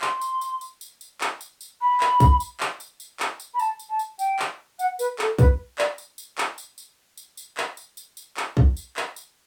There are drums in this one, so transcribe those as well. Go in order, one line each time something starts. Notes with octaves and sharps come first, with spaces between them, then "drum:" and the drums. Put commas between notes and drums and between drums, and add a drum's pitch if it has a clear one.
C6, drum: clap
drum: tambourine
drum: tambourine
drum: tambourine
drum: tambourine
drum: tambourine
drum: clap
drum: tambourine
drum: tambourine
B5
drum: clap
drum: kick, tambourine
drum: tambourine
drum: clap
drum: tambourine
drum: tambourine
drum: clap
drum: tambourine
B5
A5, drum: tambourine
drum: tambourine
A5
drum: tambourine
G5, drum: tambourine
drum: clap
F#5, drum: tambourine
B4, drum: tambourine
A4, drum: clap
B4, drum: kick, tambourine
D5, drum: clap
drum: tambourine
drum: tambourine
drum: clap
drum: tambourine
drum: tambourine
drum: tambourine
drum: tambourine
drum: clap
drum: tambourine
drum: tambourine
drum: tambourine
drum: clap
drum: kick
drum: tambourine
drum: clap
drum: tambourine